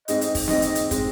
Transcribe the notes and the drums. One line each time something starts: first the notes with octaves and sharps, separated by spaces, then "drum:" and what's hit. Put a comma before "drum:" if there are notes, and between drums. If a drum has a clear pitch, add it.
G#2 G#3 C4 D#5, drum: hi-hat
drum: hi-hat
drum: kick, open hi-hat
G#2 G#3 C4 D#5, drum: snare
drum: hi-hat
drum: hi-hat
G#3 C4, drum: kick, hi-hat